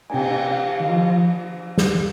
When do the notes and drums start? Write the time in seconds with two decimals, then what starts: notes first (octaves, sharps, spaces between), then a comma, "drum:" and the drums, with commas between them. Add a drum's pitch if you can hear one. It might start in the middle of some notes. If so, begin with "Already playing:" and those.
0.10 G#5, drum: cymbal
0.14 C3 G5
0.52 F5
0.80 D#3
0.89 F3
1.78 drum: snare